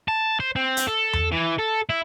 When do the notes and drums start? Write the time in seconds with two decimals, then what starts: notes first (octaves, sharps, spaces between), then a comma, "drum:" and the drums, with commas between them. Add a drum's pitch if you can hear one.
0.08 A5
0.40 C5
0.56 C4
0.77 drum: hi-hat
0.87 A4
1.13 drum: tom E2
1.32 E3
1.59 A4
1.89 E4